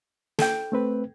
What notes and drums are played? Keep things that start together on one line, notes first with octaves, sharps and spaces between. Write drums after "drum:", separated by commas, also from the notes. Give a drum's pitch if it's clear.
A4 G5, drum: snare
A3 C4 B4